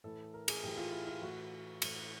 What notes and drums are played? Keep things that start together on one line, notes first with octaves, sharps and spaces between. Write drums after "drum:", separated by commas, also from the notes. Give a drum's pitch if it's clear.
A2 E3 A4
A#4
G#4, drum: cymbal
A2 E3 G4
F4
E4
F4
A2 E3 F#4
A2 E3, drum: cymbal